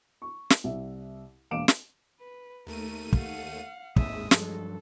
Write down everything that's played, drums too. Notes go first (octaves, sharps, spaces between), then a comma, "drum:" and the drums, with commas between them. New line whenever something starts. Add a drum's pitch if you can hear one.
C#6
drum: snare
C2 E5
E1 A#3 F5 D6 D7 E7
drum: snare
B4
D#2 A3 A#4 D#7
F5 F#5, drum: kick
G#1 D#2 A2 G#3 E5 D#6, drum: kick
G2 F3 F#3 A4, drum: snare